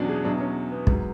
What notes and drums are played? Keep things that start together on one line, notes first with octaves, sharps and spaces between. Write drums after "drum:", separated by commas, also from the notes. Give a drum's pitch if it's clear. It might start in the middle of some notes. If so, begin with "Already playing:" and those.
Already playing: E2 B2 F#3 C#4 D4
G#4
E2 B2 F#3 D4
C#4
B3
G#2 F#3, drum: kick